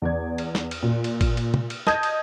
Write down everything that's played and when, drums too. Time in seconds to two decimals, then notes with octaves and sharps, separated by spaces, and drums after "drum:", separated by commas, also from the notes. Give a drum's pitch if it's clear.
0.02 E2 D5 G#6
0.38 drum: cymbal
0.55 drum: snare
0.71 drum: cymbal
0.83 A#2
1.04 drum: cymbal
1.21 drum: kick, cymbal
1.37 drum: cymbal
1.54 drum: tom
1.70 drum: cymbal
1.87 D#5 A5 D#6 G6 G#6, drum: snare
2.03 drum: cymbal